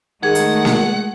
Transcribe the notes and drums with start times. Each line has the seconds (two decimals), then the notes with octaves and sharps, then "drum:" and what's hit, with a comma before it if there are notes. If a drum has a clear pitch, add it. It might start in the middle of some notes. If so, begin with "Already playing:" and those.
0.23 D#3 G#3 A3 G#4 F#5 G#6
0.35 drum: hi-hat
0.65 drum: snare A#3